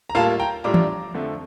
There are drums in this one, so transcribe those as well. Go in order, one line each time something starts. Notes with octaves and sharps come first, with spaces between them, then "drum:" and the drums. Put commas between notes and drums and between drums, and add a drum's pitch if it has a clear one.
A#5
A2 G3 A#3 F4 F5 A5
G5 A#5
A2 G3 D4 F4 A#5 D6
drum: tom E3
F2 D3 F3 A3